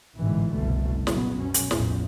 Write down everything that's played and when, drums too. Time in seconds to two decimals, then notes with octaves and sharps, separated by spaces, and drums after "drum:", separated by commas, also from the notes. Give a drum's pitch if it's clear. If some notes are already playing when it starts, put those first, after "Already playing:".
0.18 A1 G#2 B2 D3 E3
0.55 F#1 C2 B2 A3
1.07 A#2 C#3 F#3 B3, drum: snare
1.36 F#2 B2 C#4
1.54 drum: hi-hat
1.71 A1 E2 F3, drum: snare